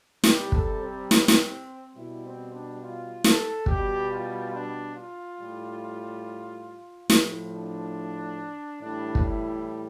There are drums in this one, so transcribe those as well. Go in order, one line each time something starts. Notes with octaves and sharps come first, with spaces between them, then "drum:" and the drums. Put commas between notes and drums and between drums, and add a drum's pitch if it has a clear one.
C3 G3 G4, drum: snare
A4, drum: kick
C4
drum: snare
drum: snare
B2 G3 E4
C4
D4
F4
A4, drum: snare
B2 G3 G4, drum: kick
F4
D4
F4
A2 G3
A2 F3, drum: snare
D4
A2 E3 G3 D4
drum: kick
E4